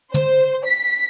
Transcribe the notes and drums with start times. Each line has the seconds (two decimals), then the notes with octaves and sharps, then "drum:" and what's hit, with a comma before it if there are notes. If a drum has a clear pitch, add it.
0.14 C5, drum: tom
0.66 B6